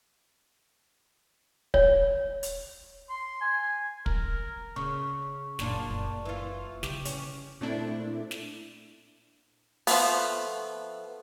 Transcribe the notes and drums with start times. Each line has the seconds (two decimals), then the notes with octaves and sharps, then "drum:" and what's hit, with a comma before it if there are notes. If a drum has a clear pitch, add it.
1.74 C#5, drum: kick
2.43 drum: hi-hat
3.10 C6
3.41 G#5
4.06 A#4, drum: kick
4.76 C#3 C#6
5.59 F#1 A#2 D4 F4, drum: snare
5.90 F#1
6.25 E3 F4
6.83 C#3 D4 G4, drum: snare
7.05 C#4, drum: hi-hat
7.61 A#2 A3 C4 D4 E4
8.31 drum: snare
9.87 F3 A3 B3, drum: open hi-hat